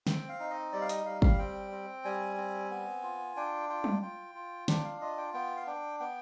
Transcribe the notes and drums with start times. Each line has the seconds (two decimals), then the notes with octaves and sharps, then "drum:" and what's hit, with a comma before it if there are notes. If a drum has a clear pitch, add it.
0.07 C4 G5, drum: snare
0.29 F5
0.40 D#4
0.50 D#5
0.72 G3 D5
0.81 F5
0.89 D#5, drum: hi-hat
1.05 G3 F5
1.22 F5, drum: kick
1.38 C4 G5
1.72 C4
2.05 G3 G#5
2.37 C4
2.70 B3
3.03 F4
3.36 D4 G5
3.69 F4 G5
3.84 drum: tom F#3
4.02 F4 G5
4.35 F4
4.68 D4 G5, drum: snare
4.85 F5
5.01 F4 D#5
5.18 G5
5.34 B3 G5
5.56 F5
5.67 D4 G5
6.00 B3 G5